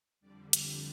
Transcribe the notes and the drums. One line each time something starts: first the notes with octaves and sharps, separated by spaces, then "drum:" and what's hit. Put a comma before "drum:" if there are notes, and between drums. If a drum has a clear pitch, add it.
F2 D3 G3 D5
drum: hi-hat